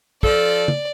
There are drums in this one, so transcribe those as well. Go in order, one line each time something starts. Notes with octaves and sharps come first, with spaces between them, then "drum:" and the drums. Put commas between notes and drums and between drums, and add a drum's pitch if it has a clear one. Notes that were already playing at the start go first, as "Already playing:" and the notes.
F3 A4 D5, drum: kick
drum: tom